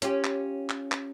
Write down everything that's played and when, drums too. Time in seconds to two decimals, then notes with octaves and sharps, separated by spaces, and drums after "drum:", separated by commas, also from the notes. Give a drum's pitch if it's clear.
0.02 C#4 F4 G4, drum: hi-hat
0.24 drum: clap
0.69 drum: clap
0.92 drum: clap